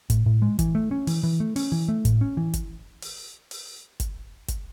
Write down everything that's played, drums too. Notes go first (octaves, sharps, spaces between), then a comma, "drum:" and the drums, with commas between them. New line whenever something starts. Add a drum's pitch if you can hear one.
A2, drum: kick, hi-hat
A2
G#3
E3, drum: kick, hi-hat
A3
C#4
E3, drum: open hi-hat
E3
A3
C#4, drum: open hi-hat
E3
A3
A2, drum: kick, hi-hat
C#4
E3
drum: kick, hi-hat
drum: open hi-hat
drum: open hi-hat
drum: kick, hi-hat
drum: kick, hi-hat